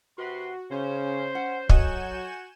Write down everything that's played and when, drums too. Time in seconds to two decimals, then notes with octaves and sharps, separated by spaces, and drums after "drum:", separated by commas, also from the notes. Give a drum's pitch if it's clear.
0.18 C3 F#4 B4 C6
0.71 C#3 C#4 C5
1.35 F#5
1.69 F#3 F#4 A4 D#5 G#5 G6 E7, drum: kick